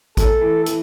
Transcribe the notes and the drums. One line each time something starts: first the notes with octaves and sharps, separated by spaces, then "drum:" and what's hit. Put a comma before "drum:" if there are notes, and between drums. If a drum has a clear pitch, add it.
A3 A4, drum: kick A1, hi-hat
E3
E3, drum: hi-hat